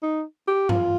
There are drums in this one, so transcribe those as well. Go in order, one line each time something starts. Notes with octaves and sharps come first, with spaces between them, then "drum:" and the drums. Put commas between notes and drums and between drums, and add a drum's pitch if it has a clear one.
D#4
G4
F4, drum: tom G2